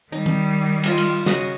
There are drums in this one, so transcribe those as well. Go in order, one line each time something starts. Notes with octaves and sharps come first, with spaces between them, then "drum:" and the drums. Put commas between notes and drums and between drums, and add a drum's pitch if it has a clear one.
D#3 G3 D#4
drum: tom
F4 D#5 G#5, drum: cymbal
drum: cymbal
C#3 F#4 D#5 F#5, drum: snare